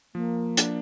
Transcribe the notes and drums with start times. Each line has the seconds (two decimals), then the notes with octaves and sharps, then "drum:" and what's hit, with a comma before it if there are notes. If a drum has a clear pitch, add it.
0.15 F3 A#3
0.57 D4, drum: hi-hat